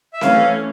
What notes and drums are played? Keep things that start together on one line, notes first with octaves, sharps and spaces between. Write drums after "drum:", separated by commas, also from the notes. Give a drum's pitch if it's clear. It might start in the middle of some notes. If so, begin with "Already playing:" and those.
E5
E3 A3 C#4 F5, drum: snare C4